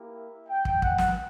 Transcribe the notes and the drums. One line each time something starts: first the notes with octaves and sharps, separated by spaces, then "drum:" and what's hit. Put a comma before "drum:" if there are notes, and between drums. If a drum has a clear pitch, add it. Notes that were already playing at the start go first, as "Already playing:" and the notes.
Already playing: A#3 E4 G4
E5
G5
drum: kick
F#5, drum: kick
drum: snare